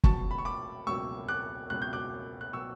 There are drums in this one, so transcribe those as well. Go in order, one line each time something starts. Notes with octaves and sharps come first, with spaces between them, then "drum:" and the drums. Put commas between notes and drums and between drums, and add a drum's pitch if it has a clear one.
C#2 B2 F#3 A5 C#6, drum: kick
B5
C#6
B5 D6
C#2 B2 F#3 C#6 E6
D6 F#6
C#2 B2 F#3 F#6
G6
D6 F#6
F#6
B2 F#3 C#6 E6